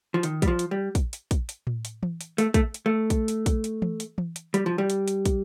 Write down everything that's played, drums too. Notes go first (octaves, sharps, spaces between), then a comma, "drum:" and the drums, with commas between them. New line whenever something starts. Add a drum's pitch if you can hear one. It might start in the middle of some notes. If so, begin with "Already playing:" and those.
F3
D#3, drum: hi-hat
G3, drum: kick, hi-hat
F3
drum: hi-hat
G3
drum: kick, hi-hat
drum: hi-hat
drum: kick, hi-hat
drum: hi-hat
drum: tom A2
drum: hi-hat
drum: tom E3
drum: hi-hat
A3, drum: hi-hat
A3, drum: kick, hi-hat
drum: hi-hat
A3
drum: kick, hi-hat
drum: hi-hat
drum: kick, hi-hat
drum: hi-hat
drum: tom E3
drum: hi-hat
drum: tom E3
drum: hi-hat
G3, drum: hi-hat
F3
G3
drum: hi-hat
drum: hi-hat
drum: kick, hi-hat